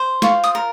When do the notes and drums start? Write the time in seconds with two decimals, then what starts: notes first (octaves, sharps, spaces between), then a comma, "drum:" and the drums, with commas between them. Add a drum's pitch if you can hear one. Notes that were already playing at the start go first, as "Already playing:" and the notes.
Already playing: C5
0.22 F4 C#6, drum: snare
0.44 D#6, drum: hi-hat
0.55 A#4